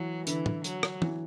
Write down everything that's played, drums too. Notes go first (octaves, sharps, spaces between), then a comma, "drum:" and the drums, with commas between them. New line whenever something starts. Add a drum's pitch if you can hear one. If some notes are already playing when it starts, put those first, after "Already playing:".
Already playing: E3 F#3
D3 E3, drum: hi-hat
drum: tom
F#3, drum: hi-hat
drum: rim click
E3, drum: tom